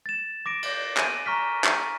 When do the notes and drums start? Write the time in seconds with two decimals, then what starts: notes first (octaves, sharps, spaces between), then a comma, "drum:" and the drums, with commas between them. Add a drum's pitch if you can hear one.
0.06 A6 E7
0.46 D6 A#6 D7
0.63 drum: cymbal
0.97 G#5 D7 D#7, drum: clap
1.26 A#5 C#6 F6 B6
1.64 drum: clap